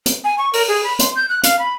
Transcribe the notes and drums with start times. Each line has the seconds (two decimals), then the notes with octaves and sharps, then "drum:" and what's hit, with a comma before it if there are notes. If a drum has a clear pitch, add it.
0.06 drum: hi-hat
0.24 G#5
0.38 C#6
0.53 A#4, drum: open hi-hat
0.68 G#4
0.84 B5
0.99 C6, drum: hi-hat
1.16 G6
1.29 F#6
1.43 F5, drum: hi-hat
1.59 B5